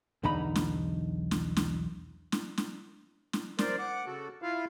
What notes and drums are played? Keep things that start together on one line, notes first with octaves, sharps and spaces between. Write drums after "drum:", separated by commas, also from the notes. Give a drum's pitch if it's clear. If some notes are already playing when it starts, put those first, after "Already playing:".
B1 E2 D3 D#4 A#5 B5
drum: snare
drum: snare
drum: snare
drum: snare
drum: snare
drum: snare
A#4 C5 D5, drum: snare
F#5 D6
C#3 F#4 A4
E4 F4 F5